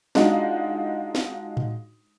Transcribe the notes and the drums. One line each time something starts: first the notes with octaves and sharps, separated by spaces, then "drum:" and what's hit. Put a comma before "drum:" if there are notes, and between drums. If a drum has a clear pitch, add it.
G#3 D4 D#4 F4 F#4, drum: snare
drum: snare
drum: tom A2